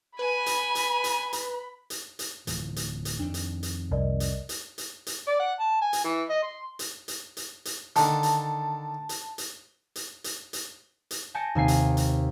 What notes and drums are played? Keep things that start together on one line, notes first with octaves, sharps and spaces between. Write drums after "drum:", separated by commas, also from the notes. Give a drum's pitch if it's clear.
B4 G#5 B5
drum: hi-hat
drum: hi-hat
drum: hi-hat
drum: hi-hat
drum: hi-hat
drum: hi-hat
D1 E3 F3, drum: hi-hat
drum: hi-hat
drum: hi-hat
F2 D#3 D4
drum: hi-hat
drum: hi-hat
C2 A#4 D5 D#5
drum: hi-hat
drum: hi-hat
drum: hi-hat
drum: hi-hat
D5
F#5
A5
G#5
drum: hi-hat
E3
D#5
C6
drum: hi-hat
drum: hi-hat
drum: hi-hat
drum: hi-hat
D3 D#3 A5, drum: hi-hat
drum: hi-hat
drum: hi-hat
drum: hi-hat
drum: hi-hat
drum: hi-hat
drum: hi-hat
drum: hi-hat
G#5 A5 G6 A#6 C#7 D7
D#2 C3 G#5 C7
drum: hi-hat
drum: hi-hat